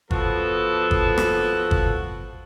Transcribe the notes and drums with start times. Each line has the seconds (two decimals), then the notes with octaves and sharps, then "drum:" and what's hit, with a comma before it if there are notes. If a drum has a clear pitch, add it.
0.11 F3 B3 F#4 A4, drum: kick G1
0.91 drum: kick G1
1.18 drum: rim click
1.71 drum: kick G1